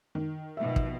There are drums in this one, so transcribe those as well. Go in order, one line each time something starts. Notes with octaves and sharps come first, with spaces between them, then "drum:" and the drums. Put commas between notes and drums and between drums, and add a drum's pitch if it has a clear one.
D#3
B2 F3 E5
drum: kick